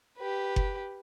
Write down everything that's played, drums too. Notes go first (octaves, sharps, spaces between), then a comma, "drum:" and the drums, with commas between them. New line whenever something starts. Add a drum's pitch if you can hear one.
G4 B4
drum: kick F#1